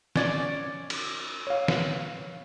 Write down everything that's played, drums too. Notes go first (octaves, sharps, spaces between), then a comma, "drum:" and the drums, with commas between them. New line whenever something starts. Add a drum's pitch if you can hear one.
C#4 D5, drum: snare
drum: cymbal
C#5 F5
drum: snare